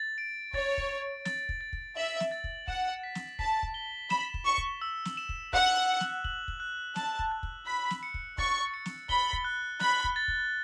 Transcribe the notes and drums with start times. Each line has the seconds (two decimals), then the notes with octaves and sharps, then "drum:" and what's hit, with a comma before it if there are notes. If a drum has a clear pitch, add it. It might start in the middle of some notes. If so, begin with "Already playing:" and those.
Already playing: A6
0.18 D7
0.53 C#5 A6, drum: kick
0.78 drum: kick
0.90 A6
1.25 A6, drum: snare
1.49 drum: kick
1.61 A6
1.73 drum: kick
1.96 E5 F#7
2.20 drum: snare
2.31 A6
2.44 drum: kick
2.68 F#5 E7, drum: kick
3.03 B6
3.15 drum: snare
3.39 A5 B6, drum: kick
3.63 drum: kick
3.74 G7
4.10 B5 E7, drum: snare
4.34 drum: kick
4.45 C#6 E7
4.58 drum: kick
4.82 E6
5.05 drum: snare
5.17 E7
5.29 drum: kick
5.53 F#5 F#6, drum: kick
5.89 F#7
6.00 drum: snare
6.24 F#7, drum: kick
6.48 drum: kick
6.60 F#6
6.96 A5 F#7, drum: snare
7.19 drum: kick
7.32 F#6
7.43 drum: kick
7.66 B5 F#6
7.90 drum: snare
8.03 C#7
8.14 drum: kick
8.38 C#6 A6, drum: kick
8.74 C#7
8.86 drum: snare
9.09 B5 G7, drum: kick
9.33 drum: kick
9.45 F#6
9.80 B5 F#6, drum: snare
10.04 drum: kick
10.16 A6
10.28 drum: kick